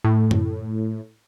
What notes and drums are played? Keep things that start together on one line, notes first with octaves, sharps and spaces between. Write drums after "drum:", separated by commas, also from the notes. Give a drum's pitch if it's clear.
A2
drum: tom F#2